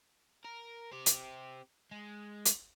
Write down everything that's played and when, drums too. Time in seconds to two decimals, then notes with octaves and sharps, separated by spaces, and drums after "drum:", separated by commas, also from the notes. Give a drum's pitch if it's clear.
0.45 A#4
0.92 C4 G4
1.06 drum: hi-hat
1.92 G#3
2.45 drum: hi-hat